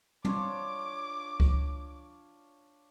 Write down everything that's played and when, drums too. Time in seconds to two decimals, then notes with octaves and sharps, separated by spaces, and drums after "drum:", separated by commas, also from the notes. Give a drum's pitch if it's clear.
0.25 D4 F4 C#5 D6, drum: tom
1.40 drum: kick C#2